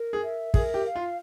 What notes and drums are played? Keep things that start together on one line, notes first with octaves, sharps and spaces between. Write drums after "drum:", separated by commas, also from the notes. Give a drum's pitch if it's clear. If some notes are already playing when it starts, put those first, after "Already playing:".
Already playing: A#4
G#4
E5
G#4 A#4, drum: kick
G4
F5
F4